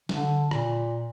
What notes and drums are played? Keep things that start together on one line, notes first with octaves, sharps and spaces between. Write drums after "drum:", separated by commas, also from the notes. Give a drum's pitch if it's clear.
D3, drum: snare
A#2, drum: rim click